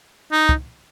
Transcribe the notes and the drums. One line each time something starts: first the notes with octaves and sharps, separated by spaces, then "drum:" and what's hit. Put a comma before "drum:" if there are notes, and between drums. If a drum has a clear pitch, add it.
D#4
drum: kick